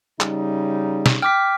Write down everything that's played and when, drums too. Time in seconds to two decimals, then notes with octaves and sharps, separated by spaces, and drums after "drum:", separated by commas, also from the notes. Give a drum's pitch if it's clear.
0.20 C#3 G3 D#4, drum: clap
1.06 drum: snare
1.22 G5 D6 F6 B6